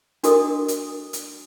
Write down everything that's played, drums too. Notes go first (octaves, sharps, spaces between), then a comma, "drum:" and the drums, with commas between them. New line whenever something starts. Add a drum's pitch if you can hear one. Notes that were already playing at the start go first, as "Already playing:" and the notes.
D4 F#4 A4 A#4 D#5 D#6, drum: hi-hat
drum: hi-hat
drum: hi-hat